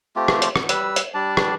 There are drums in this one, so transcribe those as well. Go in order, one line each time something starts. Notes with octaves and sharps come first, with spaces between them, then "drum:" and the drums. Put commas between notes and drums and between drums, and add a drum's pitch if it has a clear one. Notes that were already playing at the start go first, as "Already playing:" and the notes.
A3 C4 F4 G4
drum: rim click
drum: hi-hat
drum: rim click
G3 B4 E6, drum: hi-hat
drum: hi-hat
G3 D4 D5 A5
drum: rim click